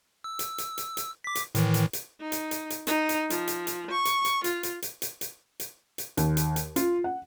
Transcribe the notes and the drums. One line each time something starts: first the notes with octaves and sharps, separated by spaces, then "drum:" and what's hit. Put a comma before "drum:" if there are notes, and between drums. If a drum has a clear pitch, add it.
E6
drum: hi-hat
drum: hi-hat
drum: hi-hat
drum: hi-hat
D6 B6
drum: hi-hat
A2 D#3 E3, drum: hi-hat
drum: hi-hat
drum: hi-hat
D#4
drum: hi-hat
drum: hi-hat
drum: hi-hat
D#4, drum: hi-hat
drum: hi-hat
F3, drum: hi-hat
drum: hi-hat
drum: hi-hat
C#6
drum: hi-hat
drum: hi-hat
F4, drum: hi-hat
drum: hi-hat
drum: hi-hat
drum: hi-hat
drum: hi-hat
drum: hi-hat
drum: hi-hat
D#2, drum: hi-hat
drum: hi-hat
drum: hi-hat
F4, drum: hi-hat
F#5